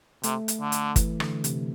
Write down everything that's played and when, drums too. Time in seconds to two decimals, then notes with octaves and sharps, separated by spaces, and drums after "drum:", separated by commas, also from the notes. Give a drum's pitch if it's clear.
0.23 C3 A3, drum: hi-hat
0.48 drum: hi-hat
0.60 D3
0.72 drum: hi-hat
0.96 E3, drum: kick G1, hi-hat
1.20 D3, drum: rim click
1.44 C3, drum: hi-hat